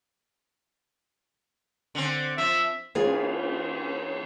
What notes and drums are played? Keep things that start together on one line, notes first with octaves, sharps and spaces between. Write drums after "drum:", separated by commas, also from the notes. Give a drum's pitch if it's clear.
D3 C4
F3 E5
E3 A#3 F4 G#4, drum: cymbal